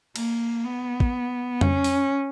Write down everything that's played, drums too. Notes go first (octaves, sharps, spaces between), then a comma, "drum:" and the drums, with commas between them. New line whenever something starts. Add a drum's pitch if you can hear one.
A#3, drum: cymbal
B3
drum: kick
C#4, drum: tom F2
drum: open hi-hat